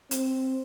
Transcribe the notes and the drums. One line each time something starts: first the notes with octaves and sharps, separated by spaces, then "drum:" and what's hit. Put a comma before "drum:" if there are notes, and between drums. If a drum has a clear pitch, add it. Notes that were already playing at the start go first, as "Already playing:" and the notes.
C4, drum: hi-hat